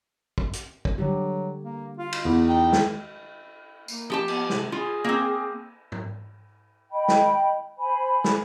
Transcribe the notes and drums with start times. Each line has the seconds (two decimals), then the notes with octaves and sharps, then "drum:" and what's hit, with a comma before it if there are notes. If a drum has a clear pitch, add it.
0.38 drum: kick
0.53 drum: hi-hat
0.85 drum: kick
0.98 D3 F#3 G3 G4
1.64 A#3
1.98 F4
2.12 drum: cymbal
2.25 E2 B3
2.48 D#4 G5
2.73 drum: snare
3.88 A#3, drum: tambourine
4.10 F3 G4 A5
4.28 B3, drum: cymbal
4.50 C3, drum: snare
4.72 F4 G#4
5.04 A#3 C4
5.92 drum: tom G#2
6.91 D#5 G5 B5
7.08 drum: snare
7.77 C5 G#5 B5
8.24 drum: snare